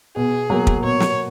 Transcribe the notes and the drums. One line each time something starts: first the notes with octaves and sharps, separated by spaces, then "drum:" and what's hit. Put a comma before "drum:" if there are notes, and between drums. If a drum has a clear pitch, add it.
B2 G#4
F#3 A#3
drum: kick
B2 C#5
drum: snare